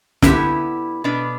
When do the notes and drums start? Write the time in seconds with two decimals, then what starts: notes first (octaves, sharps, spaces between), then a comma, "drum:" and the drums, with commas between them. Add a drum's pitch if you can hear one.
0.22 D3 B3 E4 G4, drum: snare
1.04 B2 B3 D4